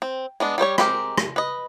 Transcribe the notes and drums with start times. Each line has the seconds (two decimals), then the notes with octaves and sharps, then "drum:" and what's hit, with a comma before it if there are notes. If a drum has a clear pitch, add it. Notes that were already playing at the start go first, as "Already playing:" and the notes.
0.02 C4
0.40 G#3 B3 D4
0.58 G3 G4 C5 C#5
0.78 G#3 C4 G4 A#4, drum: rim click
1.18 drum: rim click
1.36 B4 D#5